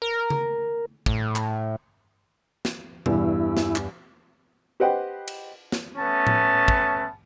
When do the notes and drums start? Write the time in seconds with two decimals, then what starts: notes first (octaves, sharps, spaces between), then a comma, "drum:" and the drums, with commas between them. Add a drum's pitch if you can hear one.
0.02 A#4
0.30 drum: tom C#3
1.06 A2, drum: kick
1.36 drum: clap
2.65 drum: snare
3.06 E2 G2 E4, drum: tom B2
3.57 drum: snare
3.76 drum: clap
4.80 G4 B4 C5 D#5 F#5 G5
5.28 drum: cymbal
5.72 drum: snare
5.97 A3 B3 C#4 A5
6.27 drum: tom A2
6.68 drum: kick